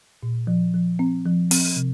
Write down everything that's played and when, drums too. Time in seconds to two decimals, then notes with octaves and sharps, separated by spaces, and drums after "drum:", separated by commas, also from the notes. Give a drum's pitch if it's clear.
0.23 A#2
0.47 F3
0.74 F3
0.99 C4
1.26 F3
1.51 C4, drum: open hi-hat
1.76 C3